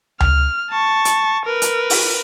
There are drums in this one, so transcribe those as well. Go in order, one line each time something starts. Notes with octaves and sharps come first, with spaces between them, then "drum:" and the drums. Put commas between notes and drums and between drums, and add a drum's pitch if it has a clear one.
F6, drum: tom C#2
A5 C#6
drum: hi-hat
A#4 B4
drum: hi-hat
drum: open hi-hat